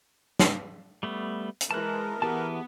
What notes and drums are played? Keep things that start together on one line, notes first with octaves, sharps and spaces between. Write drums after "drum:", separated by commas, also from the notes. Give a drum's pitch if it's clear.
drum: snare
G3 A3 B3
drum: hi-hat
E3 G#3 A#4 A5 F#6
E3 B3 G4 G#4 A5